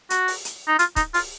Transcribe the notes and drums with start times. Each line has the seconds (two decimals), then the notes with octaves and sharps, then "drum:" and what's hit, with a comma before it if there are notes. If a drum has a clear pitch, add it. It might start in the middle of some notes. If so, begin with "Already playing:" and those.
0.10 F#4, drum: hi-hat
0.28 drum: open hi-hat
0.45 drum: hi-hat
0.68 D#4
0.79 F4, drum: hi-hat
0.96 D#4, drum: kick C#1, hi-hat
1.14 F4, drum: open hi-hat